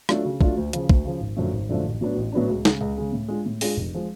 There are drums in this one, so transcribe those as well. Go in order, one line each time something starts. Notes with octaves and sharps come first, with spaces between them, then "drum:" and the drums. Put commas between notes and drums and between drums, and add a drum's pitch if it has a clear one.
F#3 A3 D4 F4, drum: rim click
C#3
F#3 A3 D4 F4, drum: kick
D2
C#3 F3, drum: hi-hat
D2, drum: kick
C#3 F3
G#1
F#2 D3 F3 A3
G#1
F#2 D3 F3 A3
A1
A2 F#3 B3 D4
A1
A2 F#3 B3 D4
C#2
C#3 G#3, drum: snare
C#2
C#3 G#3
A2
G#3 D4 F4 G#4
A2
G#3 D4 F4 G#4, drum: open hi-hat
F1
F3 G#3